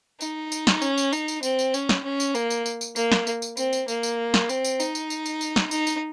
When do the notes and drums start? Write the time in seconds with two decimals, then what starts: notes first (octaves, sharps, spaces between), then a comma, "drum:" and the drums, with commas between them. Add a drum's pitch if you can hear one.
0.21 D#4, drum: tambourine
0.52 drum: tambourine
0.67 drum: snare
0.82 C#4, drum: tambourine
0.98 drum: tambourine
1.13 D#4, drum: tambourine
1.28 drum: tambourine
1.43 C4, drum: tambourine
1.59 drum: tambourine
1.74 C#4, drum: tambourine
1.89 drum: snare
2.04 C#4
2.20 drum: tambourine
2.35 A#3, drum: tambourine
2.50 drum: tambourine
2.66 drum: tambourine
2.81 drum: tambourine
2.96 A#3, drum: tambourine
3.12 drum: snare
3.27 drum: tambourine
3.42 drum: tambourine
3.57 C4, drum: tambourine
3.73 drum: tambourine
3.88 A#3, drum: tambourine
4.03 drum: tambourine
4.34 drum: snare
4.49 C4, drum: tambourine
4.64 drum: tambourine
4.80 D#4, drum: tambourine
4.95 drum: tambourine
5.10 drum: tambourine
5.26 drum: tambourine
5.41 drum: tambourine
5.56 drum: snare
5.71 D#4, drum: tambourine
5.87 drum: tambourine